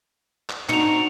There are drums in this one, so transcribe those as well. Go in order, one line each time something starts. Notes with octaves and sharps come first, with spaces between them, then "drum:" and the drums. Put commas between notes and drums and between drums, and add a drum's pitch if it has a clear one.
drum: clap
C4 D4 D#4 F#4 C#7 F7, drum: clap